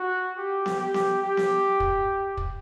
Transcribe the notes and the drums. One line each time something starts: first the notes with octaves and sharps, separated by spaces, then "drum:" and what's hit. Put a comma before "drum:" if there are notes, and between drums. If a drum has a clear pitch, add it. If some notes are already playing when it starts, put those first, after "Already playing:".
Already playing: F#4
G4
drum: snare B3
G4
drum: snare B3
G4
drum: snare B3
drum: kick
drum: kick